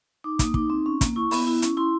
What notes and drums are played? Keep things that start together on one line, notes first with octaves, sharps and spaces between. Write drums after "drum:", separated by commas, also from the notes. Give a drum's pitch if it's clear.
D#4 D6
A#3 D#6, drum: kick, hi-hat
D#4 D6, drum: kick
C4
C#4
A#3, drum: kick, hi-hat
E4 C#6
B3 B5, drum: open hi-hat
E4
C#4, drum: hi-hat
E4 C6